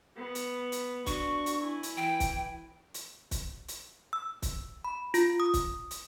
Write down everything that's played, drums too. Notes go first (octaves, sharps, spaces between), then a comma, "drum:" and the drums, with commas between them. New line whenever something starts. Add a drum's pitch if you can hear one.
B3
drum: hi-hat
drum: hi-hat
D4 F#4 C#6, drum: kick, hi-hat
drum: hi-hat
E4 G#5
drum: hi-hat
E3 G5
drum: kick, hi-hat
drum: hi-hat
drum: kick, hi-hat
drum: hi-hat
E6
drum: kick, hi-hat
B5
F4, drum: hi-hat
D#6
drum: kick, hi-hat
drum: hi-hat